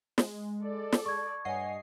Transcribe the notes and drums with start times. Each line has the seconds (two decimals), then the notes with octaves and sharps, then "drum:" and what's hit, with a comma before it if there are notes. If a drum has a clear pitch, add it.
0.18 G#3, drum: snare
0.61 A4 D5
0.92 drum: snare
1.06 C#6 G#6
1.45 G2 C#5 D#5 F#5 G#5 C7